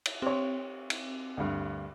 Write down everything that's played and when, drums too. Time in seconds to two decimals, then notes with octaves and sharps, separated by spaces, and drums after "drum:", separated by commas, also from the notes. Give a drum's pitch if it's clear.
0.06 drum: cymbal
0.22 C4 G4 C#5
0.90 drum: cymbal
1.37 D2 G2